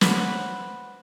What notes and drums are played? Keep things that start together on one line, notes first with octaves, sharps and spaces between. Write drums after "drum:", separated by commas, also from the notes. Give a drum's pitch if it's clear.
B4 C5 F#5, drum: snare